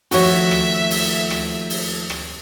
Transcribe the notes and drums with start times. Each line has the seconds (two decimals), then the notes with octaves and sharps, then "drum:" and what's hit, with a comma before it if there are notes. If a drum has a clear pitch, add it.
0.11 D#2 F3 A3 F#4 C#5 E5, drum: open hi-hat
0.51 drum: rim click
0.91 drum: open hi-hat
1.30 drum: rim click
1.70 drum: open hi-hat
2.10 drum: rim click